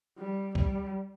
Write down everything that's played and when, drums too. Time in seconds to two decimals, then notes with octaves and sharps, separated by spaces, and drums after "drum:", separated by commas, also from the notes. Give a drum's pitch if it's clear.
0.18 G3
0.55 G3, drum: kick C2